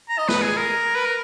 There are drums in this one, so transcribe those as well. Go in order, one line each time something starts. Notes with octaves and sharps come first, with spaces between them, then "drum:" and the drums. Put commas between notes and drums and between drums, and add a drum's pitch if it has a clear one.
A#5
D#5
B4, drum: snare
G#4
A#4
B4
A#4